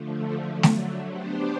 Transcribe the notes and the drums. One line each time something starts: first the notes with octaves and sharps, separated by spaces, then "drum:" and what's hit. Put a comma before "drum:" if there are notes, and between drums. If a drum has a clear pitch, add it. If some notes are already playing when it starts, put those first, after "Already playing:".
Already playing: D3 F3 A3
D3 F#3 A3
drum: snare
B3 D4 G4 C5